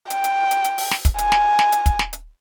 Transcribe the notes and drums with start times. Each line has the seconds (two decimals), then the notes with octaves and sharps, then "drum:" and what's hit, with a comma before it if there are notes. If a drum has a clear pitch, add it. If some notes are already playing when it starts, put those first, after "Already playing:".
0.10 G5, drum: hi-hat
0.24 drum: hi-hat
0.51 drum: hi-hat
0.64 drum: hi-hat
0.78 drum: open hi-hat
0.91 drum: snare
1.05 drum: kick, hi-hat
1.18 G#5, drum: hi-hat
1.32 drum: snare
1.59 drum: snare
1.72 drum: hi-hat
1.86 drum: kick, hi-hat
1.99 drum: snare
2.13 drum: hi-hat